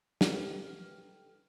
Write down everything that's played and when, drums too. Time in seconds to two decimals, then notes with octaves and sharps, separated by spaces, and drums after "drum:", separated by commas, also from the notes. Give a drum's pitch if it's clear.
0.21 C4 F4 A4 A#4 F#5, drum: snare
0.34 G4 A4 B4 G5 F6